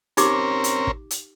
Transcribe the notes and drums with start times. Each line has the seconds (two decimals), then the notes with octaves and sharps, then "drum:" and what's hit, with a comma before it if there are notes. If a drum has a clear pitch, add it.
0.17 C4 C#4 D#4 G4 A#4 D6, drum: hi-hat
0.64 drum: hi-hat
0.87 drum: kick
1.11 drum: hi-hat